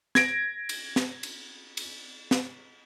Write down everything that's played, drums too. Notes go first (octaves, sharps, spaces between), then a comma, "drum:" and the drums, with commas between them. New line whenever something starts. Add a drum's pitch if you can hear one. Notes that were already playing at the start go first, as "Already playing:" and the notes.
G#6 A#6 D7, drum: snare
drum: cymbal
drum: snare
drum: cymbal
drum: cymbal
drum: snare